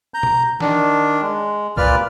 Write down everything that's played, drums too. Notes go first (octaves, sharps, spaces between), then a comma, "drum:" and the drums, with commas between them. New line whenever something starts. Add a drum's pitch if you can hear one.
A#5 G6
drum: tom B2
D#3 D4, drum: snare
G#3
A#2 F4 B4 D5 F6, drum: kick C2